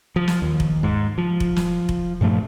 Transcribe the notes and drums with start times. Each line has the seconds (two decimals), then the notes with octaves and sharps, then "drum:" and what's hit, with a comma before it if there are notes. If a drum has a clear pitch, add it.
0.16 F3
0.28 drum: snare
0.42 D#2
0.60 drum: kick F1
0.83 G#2
1.18 F3
1.40 drum: kick F1
1.56 drum: snare
1.89 drum: kick F1
2.21 G2 A#2 F3 A3